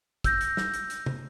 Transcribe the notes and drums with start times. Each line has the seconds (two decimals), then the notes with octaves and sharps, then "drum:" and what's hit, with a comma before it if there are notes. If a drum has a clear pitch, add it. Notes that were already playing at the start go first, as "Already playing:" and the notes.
0.24 E6 G6 A#6, drum: kick, hi-hat
0.41 drum: hi-hat
0.57 drum: snare
0.74 drum: hi-hat
0.90 drum: hi-hat
1.06 drum: tom